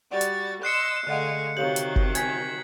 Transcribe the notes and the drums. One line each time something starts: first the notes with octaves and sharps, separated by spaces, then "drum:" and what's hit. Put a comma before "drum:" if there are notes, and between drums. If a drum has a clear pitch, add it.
G3 F#4 D5 F#5 A6
drum: hi-hat
D#5 C6 E6 F#6 C7 C#7
D3 G#3 A3 D#5 F5 F#5
C3 D#3 F#3 G4 C#5 F5 F#7
drum: hi-hat
drum: kick F#1
G#5 G#6 B6, drum: hi-hat